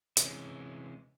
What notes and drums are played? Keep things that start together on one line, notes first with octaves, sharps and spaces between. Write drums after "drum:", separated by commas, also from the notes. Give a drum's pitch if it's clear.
C3 E3 G#3 C#4, drum: hi-hat